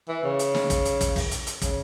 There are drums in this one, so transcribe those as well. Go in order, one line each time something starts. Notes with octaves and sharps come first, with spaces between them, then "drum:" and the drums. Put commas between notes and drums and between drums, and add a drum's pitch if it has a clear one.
E3
C#3
drum: hi-hat
drum: snare
drum: kick, hi-hat
drum: hi-hat
drum: kick, hi-hat
drum: kick, open hi-hat
drum: hi-hat
drum: hi-hat
C#3, drum: kick, hi-hat